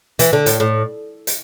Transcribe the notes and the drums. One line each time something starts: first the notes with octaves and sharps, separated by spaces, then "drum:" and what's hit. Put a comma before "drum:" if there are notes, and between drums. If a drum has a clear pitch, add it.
E3, drum: hi-hat
D3
A2, drum: hi-hat
A2
drum: hi-hat